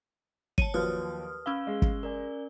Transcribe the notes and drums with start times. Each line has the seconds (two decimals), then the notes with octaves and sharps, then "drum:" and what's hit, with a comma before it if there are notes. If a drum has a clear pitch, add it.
0.58 C#5 A5 D#7, drum: kick
0.74 D#2 F3 F#3 B4 D#6 F6
1.46 C#4 F5 B5 E6 G7
1.67 G#3
1.82 drum: kick
2.03 A#4 D5 G#5